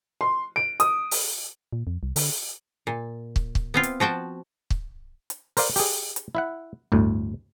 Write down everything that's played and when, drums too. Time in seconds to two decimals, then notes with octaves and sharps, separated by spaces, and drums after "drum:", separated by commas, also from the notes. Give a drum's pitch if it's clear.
0.21 C6
0.56 D7
0.80 D#6, drum: hi-hat
1.11 drum: open hi-hat
1.73 A#2
1.87 F2
2.03 C2
2.16 D3, drum: open hi-hat
2.87 A#2
3.36 drum: kick
3.55 drum: kick
3.74 B3 C4 F4
3.83 drum: hi-hat
4.00 F3 F#4 G5 A5
4.70 drum: kick
5.30 drum: hi-hat
5.57 A#4 C5 D5 F5, drum: open hi-hat
5.76 G4 G#4, drum: open hi-hat
6.16 drum: hi-hat
6.35 E4 E5 F#5
6.92 G1 D2 A2